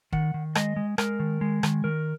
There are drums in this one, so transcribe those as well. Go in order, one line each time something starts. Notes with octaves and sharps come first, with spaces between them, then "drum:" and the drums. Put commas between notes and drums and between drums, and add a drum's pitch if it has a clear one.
D#3 F#5, drum: kick
D#3
G#3 D#5, drum: rim click
G#3
G#3 A#4, drum: rim click
D#3
G#3
D#3, drum: rim click
D#3 A#4